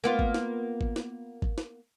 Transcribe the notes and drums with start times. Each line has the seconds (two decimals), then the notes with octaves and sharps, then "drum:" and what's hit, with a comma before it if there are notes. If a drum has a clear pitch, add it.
0.04 A#3 B3 F4
0.19 drum: kick G#1
0.34 drum: snare
0.81 drum: kick G#1
0.96 drum: snare
1.42 drum: kick G#1
1.58 drum: snare